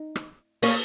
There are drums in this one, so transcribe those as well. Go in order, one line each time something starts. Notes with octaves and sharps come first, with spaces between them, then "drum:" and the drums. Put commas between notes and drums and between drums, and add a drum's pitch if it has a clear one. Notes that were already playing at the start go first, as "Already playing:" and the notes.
Already playing: D#4
drum: rim click
A#3 C#4, drum: open hi-hat